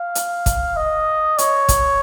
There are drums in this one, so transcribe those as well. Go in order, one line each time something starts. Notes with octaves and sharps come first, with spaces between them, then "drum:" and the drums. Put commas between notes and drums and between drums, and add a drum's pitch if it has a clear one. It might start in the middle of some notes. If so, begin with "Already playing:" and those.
Already playing: F5
drum: hi-hat
drum: kick, hi-hat
D#5
C#5, drum: hi-hat
drum: kick, hi-hat